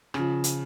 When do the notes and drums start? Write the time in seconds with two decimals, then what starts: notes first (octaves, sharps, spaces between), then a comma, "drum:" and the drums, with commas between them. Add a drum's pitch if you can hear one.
0.14 C#3 F3, drum: rim click
0.44 drum: hi-hat